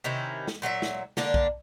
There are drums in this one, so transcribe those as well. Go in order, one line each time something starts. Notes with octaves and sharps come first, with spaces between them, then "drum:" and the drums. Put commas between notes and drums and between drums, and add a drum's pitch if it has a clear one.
C3 D#3 C#4 E4
drum: snare
A#2 F#3 G#4 E5
drum: snare
D3 A#3 D4, drum: snare
drum: kick B1